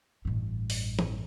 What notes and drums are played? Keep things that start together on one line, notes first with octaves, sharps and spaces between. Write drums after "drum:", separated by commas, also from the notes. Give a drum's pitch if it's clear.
A1 G2
drum: open hi-hat
drum: tom